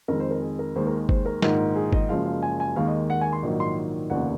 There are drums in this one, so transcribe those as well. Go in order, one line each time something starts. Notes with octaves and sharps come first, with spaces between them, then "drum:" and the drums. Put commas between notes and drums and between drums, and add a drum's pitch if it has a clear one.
F2 D#3 G#3 A#4
C5
A#4
G#4
A#4
D#2 D#3 G#3 C5
A#4
G#4
C5, drum: kick G1
A#4
A#1 G#2 D#3 G#3 A#4, drum: snare
G#4
D#5, drum: kick G1
F#1 F#2 F3 G#3 F5
F5
G#5
G#5
D#2 D#3 G#3 F5
D#5
F#5
G#5
C6
A#1 G#2 D#3 F#3
C6
F1 D#2 C#3 F3 F#5